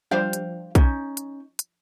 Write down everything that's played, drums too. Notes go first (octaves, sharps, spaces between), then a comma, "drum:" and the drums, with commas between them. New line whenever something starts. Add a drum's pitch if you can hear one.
F3 G3 D4 C5 F5 G5
drum: hi-hat
C#4 D#4, drum: kick, hi-hat
drum: hi-hat
drum: hi-hat